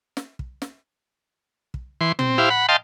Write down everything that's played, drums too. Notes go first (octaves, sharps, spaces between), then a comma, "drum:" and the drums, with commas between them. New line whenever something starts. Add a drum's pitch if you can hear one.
drum: snare
drum: kick
drum: snare
drum: kick
E3 C6
C4, drum: tom
E4 G4 C5 F5
F#5 B5
D#5 F5 G5 A5 C6